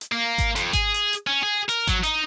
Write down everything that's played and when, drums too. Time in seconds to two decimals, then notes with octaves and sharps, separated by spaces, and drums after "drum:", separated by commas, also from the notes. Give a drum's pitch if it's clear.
0.01 drum: hi-hat
0.12 A#3
0.38 drum: kick G#1, hi-hat
0.56 F2, drum: hi-hat
0.73 G#4, drum: kick G#1, hi-hat
0.94 drum: hi-hat
1.13 drum: hi-hat
1.27 C#4
1.43 G#4
1.69 A#4, drum: hi-hat
1.87 F#3, drum: kick G#1, hi-hat
2.03 D#4, drum: hi-hat